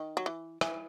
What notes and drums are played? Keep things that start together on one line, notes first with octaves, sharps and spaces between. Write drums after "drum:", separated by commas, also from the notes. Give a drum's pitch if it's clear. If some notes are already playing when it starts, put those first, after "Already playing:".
Already playing: D#3
F#3
E3
E3, drum: rim click